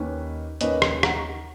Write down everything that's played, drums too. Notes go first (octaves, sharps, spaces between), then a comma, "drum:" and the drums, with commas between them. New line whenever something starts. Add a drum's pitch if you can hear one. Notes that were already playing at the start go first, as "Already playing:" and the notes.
Already playing: D#2 D#3 A#3 C#4 B4
D#2 D#3 A#3 C#4 B4 D#5, drum: hi-hat
drum: rim click
F#5 A#5, drum: rim click